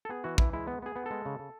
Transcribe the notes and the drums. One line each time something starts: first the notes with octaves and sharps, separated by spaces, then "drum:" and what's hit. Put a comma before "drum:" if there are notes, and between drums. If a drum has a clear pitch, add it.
A4
B3 G#4
E3 F#4
E3 E4, drum: kick
G#3 E4
B3
B3 G#4
B3
G#3 A4
C#3
C#3